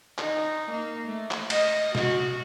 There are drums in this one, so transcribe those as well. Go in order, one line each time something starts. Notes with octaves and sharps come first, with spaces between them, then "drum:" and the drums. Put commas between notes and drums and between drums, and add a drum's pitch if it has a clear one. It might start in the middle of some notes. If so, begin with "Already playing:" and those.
D#4, drum: clap
A#3
A3
drum: clap
D#5, drum: cymbal
F#4, drum: snare